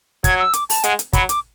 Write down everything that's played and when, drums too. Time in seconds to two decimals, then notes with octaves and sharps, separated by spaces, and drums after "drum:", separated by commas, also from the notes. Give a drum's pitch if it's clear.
0.24 F#3 G#6, drum: kick, hi-hat
0.39 E6
0.53 D6, drum: hi-hat
0.70 A5, drum: open hi-hat
0.84 G#3 F#5, drum: hi-hat
0.99 drum: hi-hat
1.13 F#3 B5, drum: kick, hi-hat
1.29 D6, drum: hi-hat